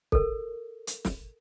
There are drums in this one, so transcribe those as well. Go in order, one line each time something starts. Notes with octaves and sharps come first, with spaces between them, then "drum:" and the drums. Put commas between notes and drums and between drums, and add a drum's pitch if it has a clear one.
A4 A#4, drum: kick
drum: hi-hat
drum: snare